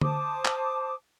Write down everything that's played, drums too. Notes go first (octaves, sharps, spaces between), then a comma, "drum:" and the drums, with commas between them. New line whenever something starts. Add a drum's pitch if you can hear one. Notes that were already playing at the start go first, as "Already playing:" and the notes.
C5 A5 D6 D#6, drum: tom D3
drum: clap